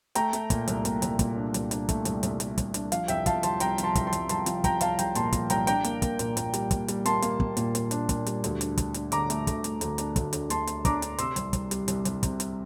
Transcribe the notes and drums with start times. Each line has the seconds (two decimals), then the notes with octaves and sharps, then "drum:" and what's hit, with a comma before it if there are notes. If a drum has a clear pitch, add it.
0.15 A3 G5 A#5, drum: hi-hat
0.33 A3, drum: hi-hat
0.50 A#2, drum: kick, hi-hat
0.68 C2, drum: hi-hat
0.85 A#2, drum: hi-hat
1.02 C2, drum: hi-hat
1.19 A#2, drum: kick, hi-hat
1.36 D4
1.54 C2, drum: hi-hat
1.71 D4, drum: hi-hat
1.89 A3, drum: kick, hi-hat
2.05 C2, drum: hi-hat
2.23 C2, drum: hi-hat
2.40 A3, drum: hi-hat
2.58 C2, drum: kick, hi-hat
2.74 D4, drum: hi-hat
2.92 F3 F5, drum: hi-hat
3.08 C2 E5 G5, drum: hi-hat
3.26 F3 F5 A5, drum: kick, hi-hat
3.43 C2 A5 C6, drum: hi-hat
3.60 C2 G5 A#5, drum: hi-hat
3.78 F3, drum: hi-hat
3.83 A5 C6
3.95 C2, drum: kick, hi-hat
4.07 A5 C6
4.13 C2, drum: hi-hat
4.29 C2 A5 C6, drum: hi-hat
4.46 F3, drum: hi-hat
4.64 C2 G5 A#5, drum: kick, hi-hat
4.81 C2 F5 A5, drum: hi-hat
4.99 C2 G5 A#5, drum: hi-hat
5.15 A#2 A5 C6, drum: hi-hat
5.33 F3, drum: kick, hi-hat
5.50 C2 G5 A#5, drum: hi-hat
5.67 D4 G5 A#5, drum: hi-hat
5.84 A#3, drum: hi-hat
6.02 A#3, drum: kick, hi-hat
6.19 A#2, drum: hi-hat
6.37 A#2, drum: hi-hat
6.54 G3, drum: hi-hat
6.71 A#2, drum: kick, hi-hat
6.88 G3, drum: hi-hat
7.06 A#3 A5 C6, drum: hi-hat
7.22 A#3, drum: hi-hat
7.40 A#3, drum: kick
7.57 A#2, drum: hi-hat
7.75 A#2, drum: hi-hat
7.91 D4, drum: hi-hat
8.09 A#2, drum: kick, hi-hat
8.26 G3, drum: hi-hat
8.44 D2, drum: hi-hat
8.61 D4, drum: hi-hat
8.78 D4, drum: kick, hi-hat
8.94 D4, drum: hi-hat
9.12 D3 A#5 D6, drum: hi-hat
9.30 A3, drum: hi-hat
9.47 D2, drum: kick, hi-hat
9.64 A3, drum: hi-hat
9.81 D2, drum: hi-hat
9.98 D4, drum: hi-hat
10.16 D2, drum: kick, hi-hat
10.33 D2, drum: hi-hat
10.50 D2 A5 C6, drum: hi-hat
10.67 A3, drum: hi-hat
10.85 D4 A#5 D6, drum: kick, hi-hat
11.02 D4, drum: hi-hat
11.18 C3 C6 E6, drum: hi-hat
11.36 C2, drum: hi-hat
11.53 C2, drum: kick, hi-hat
11.71 G3, drum: hi-hat
11.88 C2, drum: hi-hat
12.05 C2, drum: hi-hat
12.23 C3, drum: kick, hi-hat
12.40 drum: hi-hat